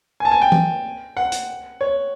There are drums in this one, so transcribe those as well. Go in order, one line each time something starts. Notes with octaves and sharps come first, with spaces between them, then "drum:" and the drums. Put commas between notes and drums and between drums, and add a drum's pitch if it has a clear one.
G#5
A5
G#5
G5
drum: tom E3
F#5
drum: hi-hat
C#5